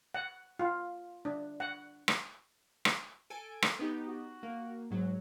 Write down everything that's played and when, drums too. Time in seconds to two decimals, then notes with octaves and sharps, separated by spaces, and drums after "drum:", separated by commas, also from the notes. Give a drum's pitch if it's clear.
0.14 F#5
0.59 F4
1.25 D4
1.60 F#5
2.08 drum: rim click
2.85 drum: rim click
3.30 A4 G#5 D7
3.62 drum: rim click
3.79 B3 D#4 G4
4.08 F#4
4.43 A#3
4.91 G#2 F#3